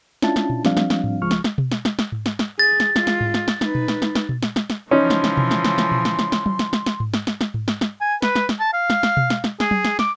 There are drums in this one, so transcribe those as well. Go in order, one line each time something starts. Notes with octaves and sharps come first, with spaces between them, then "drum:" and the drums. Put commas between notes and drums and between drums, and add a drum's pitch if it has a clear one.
C#4 D4 E4 F4 A5, drum: snare
drum: snare
drum: tom A#2
F3 G3 C4 D4 F5, drum: snare
drum: snare
drum: snare
drum: tom G#2
C#2 F3 G#3 C#6 F6
drum: snare
drum: snare
drum: tom B2
drum: snare
drum: snare
drum: snare
drum: tom G#2
drum: snare
drum: snare
G#4 A6
drum: snare
G#3 F4, drum: snare
drum: snare
drum: tom G#2
drum: snare
drum: snare
D#4 B4, drum: snare
drum: tom A#2
drum: snare
drum: snare
drum: snare
drum: tom A#2
drum: snare
drum: snare
drum: snare
C#3 E3 F3 C#4 D#4 C6
drum: snare
drum: snare
drum: tom B2
drum: snare
drum: snare
drum: snare
drum: tom A#2
drum: snare
drum: snare
drum: snare
drum: tom F#3
drum: snare
drum: snare
drum: snare
drum: tom G#2
drum: snare
drum: snare
drum: snare
drum: tom G#2
drum: snare
drum: snare
G#5
B4, drum: snare
drum: snare
drum: snare
A5
F5
drum: snare
drum: snare
drum: tom B2
drum: snare
drum: snare
G#4, drum: snare
drum: tom F#3
drum: snare
D6, drum: snare